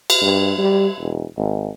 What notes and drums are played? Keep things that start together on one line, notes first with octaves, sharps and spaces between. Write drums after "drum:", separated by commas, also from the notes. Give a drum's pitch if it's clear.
drum: cymbal
G2
G3
E1
G#1